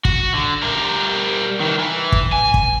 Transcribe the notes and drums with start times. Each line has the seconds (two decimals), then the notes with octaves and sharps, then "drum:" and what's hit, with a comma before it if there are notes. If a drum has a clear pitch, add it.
0.05 F#4, drum: kick
0.34 D3
0.63 G3 A#4
1.60 D#3 E3
1.79 E3
2.12 drum: kick
2.32 G#5
2.54 drum: kick